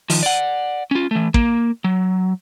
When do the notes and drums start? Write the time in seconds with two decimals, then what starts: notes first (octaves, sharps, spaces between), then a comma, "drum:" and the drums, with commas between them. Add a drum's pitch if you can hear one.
0.10 D#3 F3, drum: open hi-hat
0.23 D5 F#5
0.91 C#4 F4
1.11 E3 A3
1.34 A#3, drum: kick
1.84 F#3